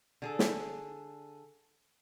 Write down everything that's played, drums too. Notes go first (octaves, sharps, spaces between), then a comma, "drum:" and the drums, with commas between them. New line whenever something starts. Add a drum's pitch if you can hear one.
D3 G#4 A4
drum: snare